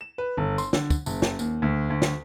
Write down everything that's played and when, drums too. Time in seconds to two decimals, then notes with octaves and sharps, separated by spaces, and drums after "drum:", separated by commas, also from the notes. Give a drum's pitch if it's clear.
0.01 E7
0.18 B4
0.37 G1
0.58 C6, drum: tambourine
0.73 D3, drum: snare
0.90 drum: kick, tambourine
1.06 F#1, drum: tambourine
1.22 drum: snare
1.39 D#2, drum: tambourine
1.62 D2
1.90 D2
2.02 drum: snare